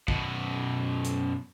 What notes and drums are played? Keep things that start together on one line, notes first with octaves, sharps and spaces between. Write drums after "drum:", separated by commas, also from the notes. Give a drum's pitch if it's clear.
F#2 B2, drum: kick
drum: hi-hat